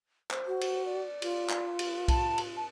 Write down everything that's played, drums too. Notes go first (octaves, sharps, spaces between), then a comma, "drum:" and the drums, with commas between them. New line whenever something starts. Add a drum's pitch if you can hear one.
C5, drum: clap
F#4
drum: cymbal
D5
F4, drum: cymbal
drum: clap
drum: cymbal
A5, drum: kick B1, cymbal
drum: cymbal
A5